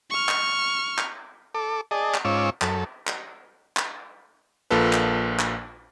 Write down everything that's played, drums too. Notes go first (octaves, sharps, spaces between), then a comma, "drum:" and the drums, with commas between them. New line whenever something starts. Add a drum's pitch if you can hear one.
C#6 F6
drum: clap
drum: clap
A4 D6
G#4 D5 D#5 A5
drum: clap
G#2 C#4 F4 C#6 D6 E6
F#2 A4, drum: clap
drum: clap
drum: clap
A#1 A#3 F4 A4 B4
drum: clap
drum: clap